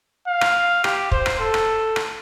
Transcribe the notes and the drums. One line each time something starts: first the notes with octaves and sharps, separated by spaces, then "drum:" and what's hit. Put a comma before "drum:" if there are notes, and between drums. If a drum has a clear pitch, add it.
F5
drum: rim click
G4, drum: rim click
C5, drum: kick
drum: rim click
A4
drum: rim click
drum: rim click